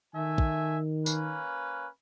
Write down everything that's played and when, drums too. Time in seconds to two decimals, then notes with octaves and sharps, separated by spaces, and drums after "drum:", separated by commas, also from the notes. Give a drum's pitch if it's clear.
0.15 D#3 A3 E5 G#5
0.38 drum: kick
1.06 A#3 C#4 B4, drum: tambourine